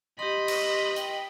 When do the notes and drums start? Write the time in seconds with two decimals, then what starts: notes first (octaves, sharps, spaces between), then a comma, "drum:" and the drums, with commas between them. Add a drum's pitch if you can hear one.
0.19 G4 D#5 B5 C6
0.48 drum: cymbal
0.96 G5, drum: hi-hat